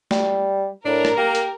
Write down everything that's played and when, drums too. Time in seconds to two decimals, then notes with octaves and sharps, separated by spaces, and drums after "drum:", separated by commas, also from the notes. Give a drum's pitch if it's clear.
0.11 G3, drum: snare
0.85 A2 D4 A#4
1.05 drum: rim click
1.17 A#3 G4
1.35 drum: hi-hat